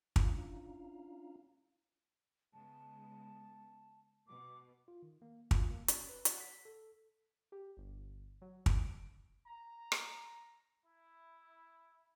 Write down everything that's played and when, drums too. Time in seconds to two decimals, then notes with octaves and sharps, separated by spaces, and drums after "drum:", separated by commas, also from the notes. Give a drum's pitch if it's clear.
0.16 C#4 D4 E4 F4 F5 A#5, drum: kick
2.54 C#3 G#3 B3 A5
4.27 B2 D6
4.88 F4
5.03 D#3
5.22 A#3
5.51 F4, drum: kick
5.71 A#3
5.88 C#4, drum: hi-hat
6.09 B4
6.25 F#5, drum: hi-hat
6.40 B6
6.65 A4
7.52 G4
7.77 G1
8.41 F#3
8.66 D7, drum: kick
9.47 A#5
9.92 drum: rim click
10.85 E4